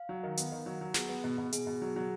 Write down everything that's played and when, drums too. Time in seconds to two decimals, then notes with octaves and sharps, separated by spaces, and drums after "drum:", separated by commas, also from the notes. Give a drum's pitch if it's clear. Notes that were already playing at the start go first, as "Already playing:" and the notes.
Already playing: F5
0.09 F#3
0.23 D#3
0.37 B3, drum: hi-hat
0.52 D#3
0.66 F#3
0.81 F#3
0.94 B3 G#4, drum: snare
1.09 B3
1.24 B2
1.38 B2
1.52 B2 G#4, drum: hi-hat
1.67 B2
1.82 F#3
1.96 F#3